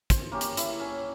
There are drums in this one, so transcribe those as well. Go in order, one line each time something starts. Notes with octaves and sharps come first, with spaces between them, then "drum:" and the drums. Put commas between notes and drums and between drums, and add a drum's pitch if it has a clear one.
C5, drum: kick, hi-hat
A#3 C#4 G4
drum: hi-hat
E4, drum: hi-hat
C#4